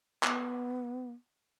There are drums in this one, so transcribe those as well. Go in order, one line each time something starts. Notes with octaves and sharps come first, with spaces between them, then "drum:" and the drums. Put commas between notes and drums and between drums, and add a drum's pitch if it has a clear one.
B3, drum: clap